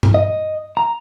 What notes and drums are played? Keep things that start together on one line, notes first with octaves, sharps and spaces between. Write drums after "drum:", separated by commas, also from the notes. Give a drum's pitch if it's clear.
drum: tom G2
D#5
A#5